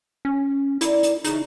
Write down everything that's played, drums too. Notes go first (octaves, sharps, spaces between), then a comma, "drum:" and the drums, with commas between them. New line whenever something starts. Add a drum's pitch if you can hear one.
C#4
D3 A#3 E4, drum: hi-hat
drum: hi-hat
C#3 E3 D#4, drum: hi-hat